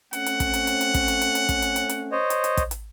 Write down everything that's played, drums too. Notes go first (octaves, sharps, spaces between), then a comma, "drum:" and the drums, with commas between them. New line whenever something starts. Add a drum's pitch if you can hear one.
A3 C4 C#4 F#5, drum: hi-hat
drum: hi-hat
drum: kick, hi-hat
drum: hi-hat
drum: hi-hat
drum: hi-hat
drum: kick, hi-hat
drum: hi-hat
drum: hi-hat
drum: hi-hat
drum: kick, hi-hat
drum: hi-hat
drum: hi-hat
drum: hi-hat
C5 C#5 D#5
drum: hi-hat
drum: hi-hat
drum: kick, hi-hat
drum: hi-hat